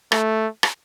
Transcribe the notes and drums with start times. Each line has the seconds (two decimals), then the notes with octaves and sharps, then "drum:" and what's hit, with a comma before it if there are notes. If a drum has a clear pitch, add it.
0.12 A3, drum: rim click
0.63 drum: rim click